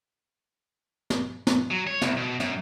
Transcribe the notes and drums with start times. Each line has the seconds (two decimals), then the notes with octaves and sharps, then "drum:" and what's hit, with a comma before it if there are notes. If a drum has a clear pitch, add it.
1.10 drum: snare
1.47 drum: snare
1.71 F#3
1.87 C#5
2.02 C2, drum: snare
2.17 B2
2.40 F#2, drum: snare